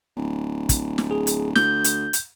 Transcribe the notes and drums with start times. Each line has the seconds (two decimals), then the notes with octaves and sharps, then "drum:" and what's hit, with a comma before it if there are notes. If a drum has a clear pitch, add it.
0.17 D1
0.69 drum: kick, hi-hat
0.98 drum: snare
1.11 G#4
1.27 drum: hi-hat
1.56 D2 G6, drum: snare
1.84 drum: hi-hat
2.13 drum: hi-hat